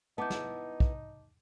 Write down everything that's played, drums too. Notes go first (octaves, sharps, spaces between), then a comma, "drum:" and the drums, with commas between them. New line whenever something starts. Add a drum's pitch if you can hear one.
B3 D#4 E4 A5 D6 G6
drum: snare
drum: kick